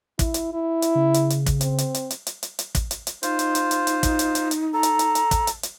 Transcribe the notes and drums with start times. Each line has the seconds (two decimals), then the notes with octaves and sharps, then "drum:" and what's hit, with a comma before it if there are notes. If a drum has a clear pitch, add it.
0.19 E4, drum: kick, hi-hat
0.34 drum: hi-hat
0.53 E4
0.82 drum: hi-hat
0.95 C#3
1.14 drum: hi-hat
1.30 drum: hi-hat
1.46 drum: kick, hi-hat
1.61 C4, drum: hi-hat
1.78 drum: hi-hat
1.94 drum: hi-hat
2.11 drum: hi-hat
2.27 drum: hi-hat
2.43 drum: hi-hat
2.59 drum: hi-hat
2.75 drum: kick, hi-hat
2.91 drum: hi-hat
3.07 drum: hi-hat
3.23 D#4 F4 C5, drum: hi-hat
3.39 drum: hi-hat
3.55 drum: hi-hat
3.71 drum: hi-hat
3.87 drum: hi-hat
4.03 drum: kick, hi-hat
4.19 drum: hi-hat
4.35 drum: hi-hat
4.51 drum: hi-hat
4.74 A4 A#5
4.83 drum: hi-hat
4.99 drum: hi-hat
5.15 drum: hi-hat
5.31 drum: kick, hi-hat
5.47 drum: hi-hat
5.63 drum: hi-hat